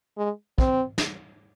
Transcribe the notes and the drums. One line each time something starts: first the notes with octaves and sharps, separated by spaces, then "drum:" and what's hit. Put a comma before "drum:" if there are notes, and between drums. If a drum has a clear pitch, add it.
G#3
C4, drum: kick
drum: snare